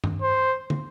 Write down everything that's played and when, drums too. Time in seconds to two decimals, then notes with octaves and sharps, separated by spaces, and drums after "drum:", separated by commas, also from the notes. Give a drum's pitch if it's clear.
0.04 drum: tom G2
0.22 C5
0.70 drum: tom